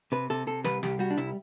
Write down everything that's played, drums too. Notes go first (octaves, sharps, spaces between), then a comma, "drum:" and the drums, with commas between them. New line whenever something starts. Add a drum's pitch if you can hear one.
C3 B4
C3 A4
C3 A4
C2 B4, drum: snare
C2 G4, drum: snare
G3 F#4
D4
C2 E4, drum: hi-hat